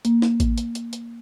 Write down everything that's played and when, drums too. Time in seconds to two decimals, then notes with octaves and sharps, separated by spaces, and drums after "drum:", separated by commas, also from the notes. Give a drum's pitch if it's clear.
0.05 A#3, drum: hi-hat
0.22 drum: snare
0.40 drum: kick A1, hi-hat
0.58 drum: hi-hat
0.75 drum: hi-hat
0.93 drum: hi-hat